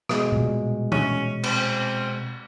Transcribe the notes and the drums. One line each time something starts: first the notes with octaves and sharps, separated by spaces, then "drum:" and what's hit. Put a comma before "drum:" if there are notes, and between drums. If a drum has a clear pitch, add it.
B2 G#3, drum: rim click
A#2 G3
C#4, drum: tom E3
C4, drum: cymbal